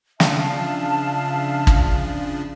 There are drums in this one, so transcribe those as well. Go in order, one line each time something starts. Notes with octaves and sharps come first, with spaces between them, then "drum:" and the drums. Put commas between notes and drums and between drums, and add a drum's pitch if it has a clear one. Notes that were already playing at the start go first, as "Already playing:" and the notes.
C#3 F3 D4 E5 F5 A5, drum: snare
drum: kick